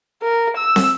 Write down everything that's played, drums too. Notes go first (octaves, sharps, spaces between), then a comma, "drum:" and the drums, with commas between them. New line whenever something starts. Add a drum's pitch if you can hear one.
A#4
E6
drum: snare